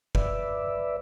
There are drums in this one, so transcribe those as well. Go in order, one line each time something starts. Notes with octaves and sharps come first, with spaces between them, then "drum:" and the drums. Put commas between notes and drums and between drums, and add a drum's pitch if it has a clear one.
B4 D5 E5, drum: kick